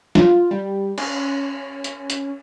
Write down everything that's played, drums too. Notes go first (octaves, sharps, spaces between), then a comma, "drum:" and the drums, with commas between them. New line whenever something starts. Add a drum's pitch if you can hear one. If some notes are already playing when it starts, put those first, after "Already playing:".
F4, drum: snare
G3
C#4, drum: cymbal
drum: hi-hat
drum: hi-hat